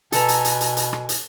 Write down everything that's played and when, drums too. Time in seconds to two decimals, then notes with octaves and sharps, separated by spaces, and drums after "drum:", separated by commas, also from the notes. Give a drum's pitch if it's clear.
0.12 B2 A4 B4 G#5 A#5, drum: hi-hat
0.28 drum: hi-hat
0.45 drum: hi-hat
0.61 drum: hi-hat
0.77 drum: hi-hat
0.93 drum: rim click
1.09 drum: hi-hat